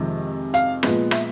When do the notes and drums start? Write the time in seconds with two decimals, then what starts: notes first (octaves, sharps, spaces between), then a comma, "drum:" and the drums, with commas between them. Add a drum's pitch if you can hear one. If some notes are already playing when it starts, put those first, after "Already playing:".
Already playing: F2 C3 D#3 G#3
0.54 F5, drum: hi-hat
0.83 A#2 F3 G#3 B3, drum: rim click
1.11 E5, drum: rim click